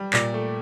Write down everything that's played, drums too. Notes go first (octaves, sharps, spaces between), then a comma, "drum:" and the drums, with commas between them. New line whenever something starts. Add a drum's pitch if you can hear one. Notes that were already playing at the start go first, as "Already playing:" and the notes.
Already playing: G3
A#2 D5, drum: clap
A3